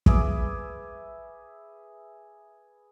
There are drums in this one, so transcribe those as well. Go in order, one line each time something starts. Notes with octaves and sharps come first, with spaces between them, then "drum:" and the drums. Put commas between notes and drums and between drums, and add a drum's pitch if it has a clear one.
G#4 B4 E5 D6, drum: kick